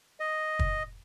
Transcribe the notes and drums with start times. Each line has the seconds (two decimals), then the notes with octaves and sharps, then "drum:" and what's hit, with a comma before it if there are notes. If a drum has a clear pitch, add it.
0.20 D#5
0.59 drum: kick